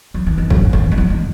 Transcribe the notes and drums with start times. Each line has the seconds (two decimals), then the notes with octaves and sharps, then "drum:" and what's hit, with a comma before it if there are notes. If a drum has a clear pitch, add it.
0.14 F#3
0.26 E3
0.38 D#3
0.50 F#3, drum: kick
0.73 E3, drum: kick
0.92 G#3
0.97 F#3
1.10 G#3